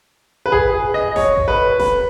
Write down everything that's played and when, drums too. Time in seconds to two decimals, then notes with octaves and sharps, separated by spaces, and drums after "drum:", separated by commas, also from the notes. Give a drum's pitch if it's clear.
0.46 B4
0.52 G#4, drum: kick G#1
0.94 D#5
1.16 C#5, drum: snare F1
1.37 drum: kick G#1
1.48 B4
1.80 B4, drum: snare F1